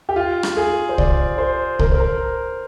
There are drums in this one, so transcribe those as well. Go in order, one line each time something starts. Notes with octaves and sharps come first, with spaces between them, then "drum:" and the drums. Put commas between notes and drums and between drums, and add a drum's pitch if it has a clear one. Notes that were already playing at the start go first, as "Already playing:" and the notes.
G4
F4
drum: rim click
G#4
C5
D5, drum: kick C2
C5
A#4, drum: kick C2
C5
A#4